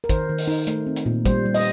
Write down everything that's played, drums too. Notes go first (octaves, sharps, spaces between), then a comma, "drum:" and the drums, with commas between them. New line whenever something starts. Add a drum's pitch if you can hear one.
A#4
D#3 C5, drum: kick, hi-hat
D#3
drum: open hi-hat
D#4
A3, drum: hi-hat
C4
drum: hi-hat
A#2
G3 C5, drum: kick, hi-hat
G3
D#5, drum: open hi-hat